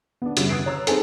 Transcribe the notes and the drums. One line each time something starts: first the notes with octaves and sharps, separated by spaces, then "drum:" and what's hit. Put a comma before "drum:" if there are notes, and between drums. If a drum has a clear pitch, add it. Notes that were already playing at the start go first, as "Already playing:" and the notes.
B3 D4
F#2 C#3 G3, drum: hi-hat
D#6 F#6 G#6 A6 C7 D7
C#5 A#5 E6 F#6
C4 D#4 G#4 A4, drum: hi-hat